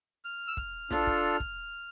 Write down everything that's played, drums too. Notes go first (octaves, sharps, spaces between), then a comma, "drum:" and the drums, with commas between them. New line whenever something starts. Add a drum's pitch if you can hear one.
F6
E6
F6, drum: kick
D4 F4 A4, drum: snare
drum: kick
drum: kick